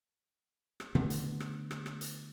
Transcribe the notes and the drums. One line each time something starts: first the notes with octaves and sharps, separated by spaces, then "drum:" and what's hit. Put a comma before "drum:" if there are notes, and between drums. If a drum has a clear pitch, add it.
drum: rim click
D3 A3 B3, drum: tom
drum: hi-hat
drum: rim click
drum: rim click
drum: rim click
drum: hi-hat